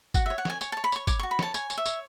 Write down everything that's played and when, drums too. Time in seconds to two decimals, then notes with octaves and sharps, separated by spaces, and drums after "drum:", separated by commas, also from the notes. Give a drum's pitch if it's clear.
0.14 F#4 F#5, drum: kick, tambourine
0.26 C#5 E5
0.38 F#5
0.45 C#5 G#5, drum: snare
0.61 C#5 G#5, drum: tambourine
0.72 C#5 A5
0.84 B5
0.92 C#5 C#6, drum: tambourine
1.07 C#5 D6, drum: kick, tambourine
1.19 F#4 C#6
1.31 B5
1.39 C#5 A5, drum: snare
1.54 C#5 G#5, drum: tambourine
1.70 C#5, drum: tambourine
1.78 E5
1.86 C#5, drum: tambourine